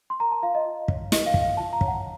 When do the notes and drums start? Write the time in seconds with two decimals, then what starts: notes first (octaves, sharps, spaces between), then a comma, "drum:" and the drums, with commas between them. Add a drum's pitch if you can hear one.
0.10 C6
0.20 A#4 A#5
0.31 A5
0.42 F4 F5
0.55 D#5
0.65 F4
0.88 C#5, drum: kick
1.12 A#4 D#5, drum: snare
1.26 F5
1.34 F4, drum: kick
1.42 F5
1.57 F4 A5
1.73 A#5
1.81 C#5, drum: kick
1.88 F#5